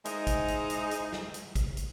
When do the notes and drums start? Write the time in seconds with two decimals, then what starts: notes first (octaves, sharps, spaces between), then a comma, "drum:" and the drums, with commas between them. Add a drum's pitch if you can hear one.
0.05 G#3 D#4 E4 C5 D#5, drum: hi-hat
0.27 drum: kick, hi-hat
0.48 drum: hi-hat
0.70 drum: hi-hat
0.91 drum: hi-hat
1.13 drum: snare
1.34 drum: hi-hat
1.55 drum: kick, hi-hat
1.77 drum: hi-hat